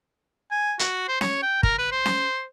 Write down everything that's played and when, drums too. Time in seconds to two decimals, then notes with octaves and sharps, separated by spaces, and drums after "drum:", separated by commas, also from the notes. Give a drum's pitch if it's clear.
0.51 G#5
0.79 F#4, drum: hi-hat
1.08 C5
1.21 C#5, drum: snare C#4
1.43 G5
1.63 A#4, drum: kick
1.79 B4
1.92 C5
2.06 drum: snare C#4